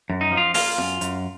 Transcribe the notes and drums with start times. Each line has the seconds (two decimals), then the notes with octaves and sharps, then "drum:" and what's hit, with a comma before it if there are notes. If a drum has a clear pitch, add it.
0.10 F#2
0.21 D#4
0.31 F3
0.37 F4
0.54 A#3 F4, drum: open hi-hat
0.78 F#2, drum: snare
1.01 F#2, drum: hi-hat